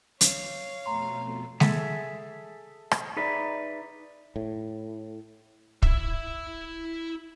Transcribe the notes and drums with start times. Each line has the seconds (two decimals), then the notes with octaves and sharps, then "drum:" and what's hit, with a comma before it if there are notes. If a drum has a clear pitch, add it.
0.21 C#5 F5, drum: hi-hat
0.86 F2 B2 A3 A#5 C6
1.60 G#4 A4 E5, drum: snare G#3
2.91 drum: rim click
3.17 D#4 G#4 B4 D5 E5
4.36 A2
5.82 E4 E5, drum: kick